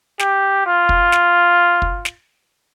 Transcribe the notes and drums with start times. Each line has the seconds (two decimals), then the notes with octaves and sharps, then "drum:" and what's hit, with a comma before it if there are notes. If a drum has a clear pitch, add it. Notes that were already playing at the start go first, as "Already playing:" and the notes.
0.19 G4, drum: snare
0.66 F4
0.89 drum: kick
1.12 drum: snare
1.82 drum: kick
2.05 drum: snare